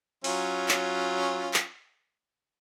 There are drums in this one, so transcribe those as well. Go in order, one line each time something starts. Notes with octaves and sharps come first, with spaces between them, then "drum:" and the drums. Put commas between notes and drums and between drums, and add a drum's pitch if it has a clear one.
F#3 C#4 F4, drum: open hi-hat
drum: clap
drum: clap